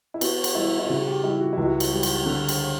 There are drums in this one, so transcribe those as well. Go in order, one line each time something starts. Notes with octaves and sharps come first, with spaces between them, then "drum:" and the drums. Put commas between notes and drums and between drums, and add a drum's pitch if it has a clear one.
E4
B3 F#4, drum: cymbal
drum: cymbal
G3 E4
E4
C#3 F#4
G4
G3 E4
F#4
C#2 E4
F#4
drum: cymbal
G3
drum: cymbal
D3
drum: cymbal